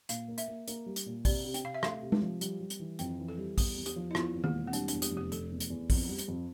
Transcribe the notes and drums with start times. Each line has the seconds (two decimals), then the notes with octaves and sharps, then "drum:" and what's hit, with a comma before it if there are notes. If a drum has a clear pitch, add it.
0.09 A#2 F5, drum: hi-hat
0.28 A#3
0.38 E5, drum: hi-hat
0.48 A#3
0.68 A#3, drum: hi-hat
0.86 G3
0.96 drum: hi-hat
1.06 A#2
1.25 C3 D5, drum: kick A#1, open hi-hat
1.45 C3
1.54 G5, drum: hi-hat
1.64 C3 F5
1.74 E5
1.83 A3 F5, drum: rim click
2.03 C3
2.12 drum: tom G#3
2.22 F3
2.41 G3, drum: hi-hat
2.60 G3
2.70 drum: hi-hat
2.80 E3
2.99 F2 G5, drum: hi-hat
3.19 E3
3.28 A4
3.38 G3
3.58 E2 G4, drum: kick A#1, open hi-hat
3.77 E2
3.86 G4, drum: hi-hat
3.96 F3
4.11 E4
4.15 E2 F4, drum: rim click
4.35 E2
4.44 A#3, drum: tom D#3
4.54 E1
4.67 C4
4.73 G3 D4, drum: hi-hat
4.88 E2 D4, drum: hi-hat
5.02 G4, drum: hi-hat
5.11 F1
5.17 G4
5.32 F1 A4, drum: hi-hat
5.51 E2
5.60 drum: hi-hat
5.70 E2
5.90 F2, drum: kick A#1, open hi-hat
6.09 G3
6.18 drum: hi-hat
6.28 F2